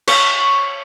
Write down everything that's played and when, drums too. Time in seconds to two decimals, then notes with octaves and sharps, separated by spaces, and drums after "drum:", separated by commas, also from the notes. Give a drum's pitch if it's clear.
0.07 C#5, drum: cymbal